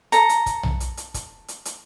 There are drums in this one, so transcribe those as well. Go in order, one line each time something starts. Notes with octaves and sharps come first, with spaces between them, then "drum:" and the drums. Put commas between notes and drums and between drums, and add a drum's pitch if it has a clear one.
A4 A#5, drum: hi-hat
drum: hi-hat
drum: kick, hi-hat
drum: tom B1
drum: hi-hat
drum: hi-hat
drum: kick, hi-hat
drum: hi-hat
drum: hi-hat